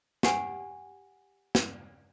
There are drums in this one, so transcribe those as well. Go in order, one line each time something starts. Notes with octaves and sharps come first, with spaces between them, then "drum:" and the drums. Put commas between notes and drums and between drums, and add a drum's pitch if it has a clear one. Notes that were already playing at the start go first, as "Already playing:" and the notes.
G4 F#5 G#5, drum: snare
drum: snare